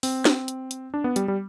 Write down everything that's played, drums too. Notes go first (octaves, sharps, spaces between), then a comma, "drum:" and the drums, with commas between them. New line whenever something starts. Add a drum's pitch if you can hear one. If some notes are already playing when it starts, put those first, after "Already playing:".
C4, drum: open hi-hat
drum: snare
drum: hi-hat
drum: hi-hat
D4
B3
G3, drum: hi-hat
G3